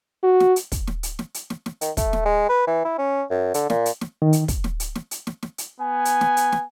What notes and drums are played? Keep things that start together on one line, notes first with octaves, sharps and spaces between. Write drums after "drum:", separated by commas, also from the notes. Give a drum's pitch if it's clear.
F#4
drum: snare
drum: hi-hat
drum: kick, hi-hat
drum: snare
drum: hi-hat
drum: snare
drum: hi-hat
drum: snare
drum: snare
D#3, drum: hi-hat
A3, drum: kick, hi-hat
drum: snare
G#3
B4
E3
E4
C#4
F#2
D3, drum: hi-hat
A#2, drum: snare
drum: hi-hat
drum: snare
D#3
drum: hi-hat
drum: kick, hi-hat
drum: snare
drum: hi-hat
drum: snare
drum: hi-hat
drum: snare
drum: snare
drum: hi-hat
B3 G#5
drum: hi-hat
drum: snare
drum: hi-hat
drum: snare